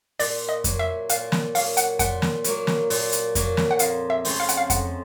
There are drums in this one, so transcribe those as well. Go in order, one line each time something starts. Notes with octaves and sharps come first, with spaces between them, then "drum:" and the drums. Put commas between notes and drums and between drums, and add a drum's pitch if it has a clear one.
A#2 D5, drum: open hi-hat
D#5
F#3 A#3, drum: kick F2, hi-hat
E5
A#2 F5, drum: hi-hat
drum: snare
F#3 A#3 F5, drum: open hi-hat
F#5, drum: hi-hat
A#2 F#5, drum: kick F2, hi-hat
drum: snare
F#3 A#3, drum: hi-hat
drum: snare
A#2, drum: open hi-hat
drum: hi-hat
F#3 A#3, drum: kick F2, hi-hat
drum: snare
F#5
F2 F5, drum: hi-hat
E5
C#3 F3 A3 C4, drum: open hi-hat
F5
F#5, drum: hi-hat
F5
F2 F#5, drum: kick F2, hi-hat